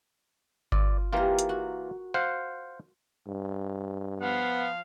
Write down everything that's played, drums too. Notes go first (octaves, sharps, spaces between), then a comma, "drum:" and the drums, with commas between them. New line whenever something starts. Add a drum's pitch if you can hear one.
F4 D5, drum: kick G1
E3 A#3 F4 G4 A#4
drum: hi-hat
F#4
C5 F5 F#5
G2
F3 B3 F5